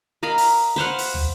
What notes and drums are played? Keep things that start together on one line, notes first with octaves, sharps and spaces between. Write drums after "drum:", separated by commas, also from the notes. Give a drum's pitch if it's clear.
A#4 D#5 F5 B5
drum: open hi-hat
B4 C5 F5 F#5
drum: open hi-hat
drum: tom